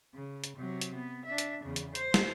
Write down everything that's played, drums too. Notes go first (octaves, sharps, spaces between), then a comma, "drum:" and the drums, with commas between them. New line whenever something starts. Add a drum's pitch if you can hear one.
C#3
drum: hi-hat
C3 F#3
drum: hi-hat
B3
D4 E5
drum: hi-hat
E2 C#3
drum: hi-hat
C5, drum: hi-hat
drum: snare